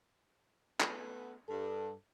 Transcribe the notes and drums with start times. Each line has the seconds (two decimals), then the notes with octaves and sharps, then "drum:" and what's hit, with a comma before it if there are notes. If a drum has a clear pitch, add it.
0.80 A3 B3, drum: clap
1.49 G2 A4